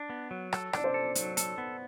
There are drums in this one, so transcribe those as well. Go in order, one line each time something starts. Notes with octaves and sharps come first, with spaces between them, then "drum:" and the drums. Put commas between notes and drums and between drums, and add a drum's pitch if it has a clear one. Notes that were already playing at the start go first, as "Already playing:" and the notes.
Already playing: D4
B3
F#3
A4, drum: rim click
D4 D5, drum: rim click
C5
A4
F#3, drum: hi-hat
A4, drum: hi-hat
B3